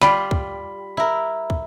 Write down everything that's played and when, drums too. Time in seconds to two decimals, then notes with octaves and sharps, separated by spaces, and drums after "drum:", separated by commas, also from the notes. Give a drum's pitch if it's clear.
0.02 G3 F4 G4 B5, drum: snare
0.31 drum: kick
0.97 E4 A#4
1.50 drum: kick